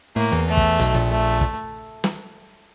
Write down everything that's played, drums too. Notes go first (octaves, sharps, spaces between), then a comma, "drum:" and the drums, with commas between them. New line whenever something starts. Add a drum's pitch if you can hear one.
A2 A3 A#3
E2 E3
A3
drum: kick
B1 B2, drum: hi-hat
A#1 A#2
A3
drum: kick
drum: snare